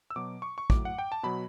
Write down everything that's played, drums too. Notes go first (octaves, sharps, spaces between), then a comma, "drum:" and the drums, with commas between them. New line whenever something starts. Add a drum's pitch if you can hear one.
E6
B2 F#3 D6
C#6
C#6
A2 F#3 D6, drum: kick
F#5
G5
A5
B2 F#3 B5